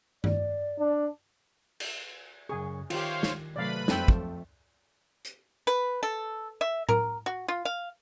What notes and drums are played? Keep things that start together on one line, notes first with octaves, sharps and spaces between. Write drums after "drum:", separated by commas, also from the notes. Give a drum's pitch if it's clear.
D5, drum: tom G2
D4
drum: cymbal
F#2 C#3 G#4 C#6
D#3 F4 G4 C5 C#5 F5, drum: cymbal
drum: snare
C3 F#3 A3 B4 D5 F5 B5
F2 F#3 A3 C4 A4 G5, drum: snare
drum: kick
drum: hi-hat
B4
A4
E5
A#4, drum: tom A2
F#4
F4
F5